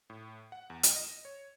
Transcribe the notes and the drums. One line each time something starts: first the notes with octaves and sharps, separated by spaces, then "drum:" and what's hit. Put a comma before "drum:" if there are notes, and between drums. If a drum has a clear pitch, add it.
A2
F#5
E2
E7, drum: hi-hat
D#5
C#5